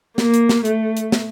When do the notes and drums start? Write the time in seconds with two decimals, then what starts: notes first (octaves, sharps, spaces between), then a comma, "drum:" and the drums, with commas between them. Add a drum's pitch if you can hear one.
0.18 A#3, drum: snare
0.34 drum: hi-hat
0.49 drum: snare
0.65 A3, drum: hi-hat
0.97 drum: hi-hat
1.12 drum: snare